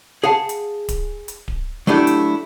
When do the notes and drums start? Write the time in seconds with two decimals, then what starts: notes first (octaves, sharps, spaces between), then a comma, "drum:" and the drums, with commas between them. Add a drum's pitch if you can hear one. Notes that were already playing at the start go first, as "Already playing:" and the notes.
0.24 G#4 F5 F#5 A5
0.49 drum: hi-hat
0.89 drum: kick D1, hi-hat
1.28 drum: hi-hat
1.48 drum: kick D1
1.87 F#3 A3 D4 E4 G4
2.07 drum: hi-hat